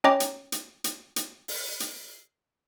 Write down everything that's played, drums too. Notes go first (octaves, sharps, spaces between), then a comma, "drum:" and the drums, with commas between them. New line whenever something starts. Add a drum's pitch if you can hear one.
C#4 C#5 D#5 G5 A#5 D6
drum: hi-hat
drum: hi-hat
drum: hi-hat
drum: hi-hat
drum: open hi-hat
drum: hi-hat